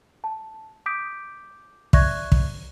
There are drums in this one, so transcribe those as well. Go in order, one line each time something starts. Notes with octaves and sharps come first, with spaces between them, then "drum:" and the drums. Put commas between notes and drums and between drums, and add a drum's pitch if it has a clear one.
A5
D6 D#6 G6 B6 D7
D5 E5 C#6 F#6 G#6 A#6, drum: kick
drum: kick